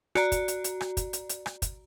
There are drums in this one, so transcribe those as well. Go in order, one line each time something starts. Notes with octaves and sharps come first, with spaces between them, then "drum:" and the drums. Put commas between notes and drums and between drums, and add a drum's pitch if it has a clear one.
F#4 D5 A#5, drum: rim click
drum: kick, hi-hat
drum: hi-hat
drum: hi-hat
drum: rim click
drum: kick, hi-hat
drum: hi-hat
drum: hi-hat
drum: rim click
drum: kick, hi-hat